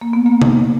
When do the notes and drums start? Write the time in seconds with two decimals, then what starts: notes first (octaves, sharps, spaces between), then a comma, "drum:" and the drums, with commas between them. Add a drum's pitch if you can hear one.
0.01 A#3
0.13 B3
0.26 A#3
0.42 drum: tom C3